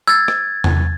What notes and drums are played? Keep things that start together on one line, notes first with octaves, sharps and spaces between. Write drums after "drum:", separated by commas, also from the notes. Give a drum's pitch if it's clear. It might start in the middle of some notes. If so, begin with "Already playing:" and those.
E6 G#6 A6
drum: rim click
drum: tom E2